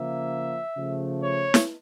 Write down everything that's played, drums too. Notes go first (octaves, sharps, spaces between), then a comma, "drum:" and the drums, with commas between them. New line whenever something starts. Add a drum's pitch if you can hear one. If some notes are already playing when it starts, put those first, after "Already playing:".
Already playing: C#3 F3 A#3 E5
C#3 F3 A3
C#5
drum: snare